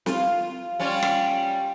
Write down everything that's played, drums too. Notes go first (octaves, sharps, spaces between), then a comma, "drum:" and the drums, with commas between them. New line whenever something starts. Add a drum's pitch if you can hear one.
F4, drum: snare
G3 C#4 F4
drum: rim click